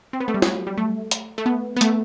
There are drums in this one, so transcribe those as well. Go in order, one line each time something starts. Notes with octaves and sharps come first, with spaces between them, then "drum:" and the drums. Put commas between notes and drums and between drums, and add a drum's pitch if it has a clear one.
C4
B3
A3
G3
F#3, drum: snare
G3
A3
drum: hi-hat
A3
B3
B3
A3, drum: hi-hat